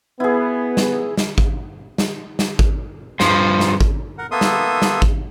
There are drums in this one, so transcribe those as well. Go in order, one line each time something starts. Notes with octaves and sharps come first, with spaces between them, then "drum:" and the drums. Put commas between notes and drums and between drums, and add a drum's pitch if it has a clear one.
B3 E4 G#4
drum: snare
drum: snare
drum: kick G#1
drum: snare
drum: snare
drum: kick G#1
G2 F3, drum: snare
drum: snare
drum: kick G#1
A#4 F#5
A#3 B3 A4 E5 C6 D#6
drum: snare
drum: snare
drum: kick G#1